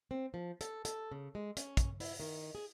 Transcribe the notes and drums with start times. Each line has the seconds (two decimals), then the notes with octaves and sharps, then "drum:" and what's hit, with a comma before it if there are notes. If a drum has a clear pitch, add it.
0.11 C4
0.34 F3
0.61 A4, drum: hi-hat
0.85 A4, drum: hi-hat
1.12 C#3
1.35 G#3
1.57 C#4, drum: hi-hat
1.77 drum: kick, hi-hat
2.00 E4, drum: open hi-hat
2.20 D#3
2.55 G#4